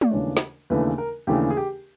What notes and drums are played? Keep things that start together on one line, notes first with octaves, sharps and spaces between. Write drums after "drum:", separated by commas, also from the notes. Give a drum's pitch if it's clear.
D5, drum: tom G#3
D#2 C#3 E3 A3 D4 C#5
drum: snare
D#2 C#3 E3 A3 D4 B4
A#4
D#2 C#3 E3 A3 D4 G4
G#4
G4